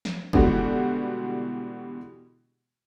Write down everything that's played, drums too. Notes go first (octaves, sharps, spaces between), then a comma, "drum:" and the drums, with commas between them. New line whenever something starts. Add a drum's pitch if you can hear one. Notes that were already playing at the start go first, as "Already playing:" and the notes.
drum: snare
B2 D3 E3 G3 G#3 F#4, drum: kick